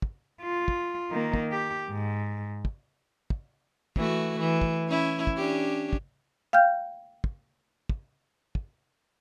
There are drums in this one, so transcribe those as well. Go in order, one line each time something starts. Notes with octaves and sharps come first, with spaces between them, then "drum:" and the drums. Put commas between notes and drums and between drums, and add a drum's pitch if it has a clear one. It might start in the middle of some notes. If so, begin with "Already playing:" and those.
drum: kick
F4
drum: kick
D#3 A#3
drum: kick
G4
G#2
drum: kick
drum: kick
E3 A3 F#4, drum: kick
E3
drum: kick
C#4 E4
drum: kick
C#4 D4 G4
drum: kick
F5 G5 F6 G6
drum: kick
drum: kick
drum: kick